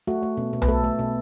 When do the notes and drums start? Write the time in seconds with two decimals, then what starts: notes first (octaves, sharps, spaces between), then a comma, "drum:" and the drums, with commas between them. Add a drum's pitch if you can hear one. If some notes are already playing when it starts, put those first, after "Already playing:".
0.07 A3 F#4
0.23 A3
0.37 B2
0.53 B2
0.62 B4, drum: tom B1
0.68 A3 A4
0.84 A3
0.99 B2